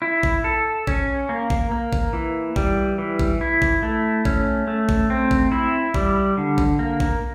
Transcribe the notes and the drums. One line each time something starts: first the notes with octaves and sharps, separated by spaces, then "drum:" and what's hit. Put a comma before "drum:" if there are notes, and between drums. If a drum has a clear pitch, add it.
E4
drum: kick G#1
A4
C#4, drum: kick G#1
A#3
drum: kick G#1
A#3
drum: kick G#1
E3
G3, drum: kick G#1
E3
drum: kick G#1
E4
drum: kick G#1
A3
C#4, drum: kick G#1
A3
drum: kick G#1
C4
drum: kick G#1
E4
G3, drum: kick G#1
D3
drum: kick G#1
A#3
drum: kick G#1